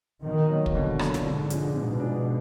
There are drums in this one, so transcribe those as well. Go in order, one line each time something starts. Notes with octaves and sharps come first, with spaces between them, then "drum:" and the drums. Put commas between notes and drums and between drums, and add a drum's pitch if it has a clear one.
B2 D#3
F#3 A#3
drum: kick
B2 D3
F#3 A#3, drum: rim click
drum: snare
G#2
F3 G#3 D4, drum: hi-hat
G#2 B2
F3 G#3 D4